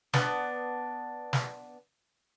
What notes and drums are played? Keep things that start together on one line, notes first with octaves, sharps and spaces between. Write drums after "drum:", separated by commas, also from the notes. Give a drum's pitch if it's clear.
B3 D4, drum: snare
drum: snare